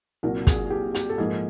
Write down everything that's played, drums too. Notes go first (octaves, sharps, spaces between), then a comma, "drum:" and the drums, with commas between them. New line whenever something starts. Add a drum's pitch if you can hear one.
C2 A#2 F#3 A#4
G#4, drum: kick, hi-hat
G#4
G4
G4, drum: hi-hat
A4
G#2 F3 A#3 G#4